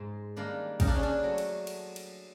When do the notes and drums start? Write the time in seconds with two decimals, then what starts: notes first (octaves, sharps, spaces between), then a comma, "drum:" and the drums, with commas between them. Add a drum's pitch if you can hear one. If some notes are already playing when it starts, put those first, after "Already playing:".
Already playing: G#2
0.36 D#3 G3 A#3 D4
0.80 C#3 D#4, drum: kick, cymbal
0.87 D4
0.96 C#4
1.03 D4
1.23 F#3 A3
1.38 drum: cymbal
1.67 drum: cymbal
1.96 drum: cymbal